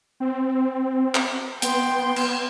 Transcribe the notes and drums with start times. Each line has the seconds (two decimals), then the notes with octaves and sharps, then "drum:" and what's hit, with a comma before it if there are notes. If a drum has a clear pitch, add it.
0.20 C4
1.15 drum: clap
1.62 B3 G5 C6, drum: hi-hat
2.16 drum: cymbal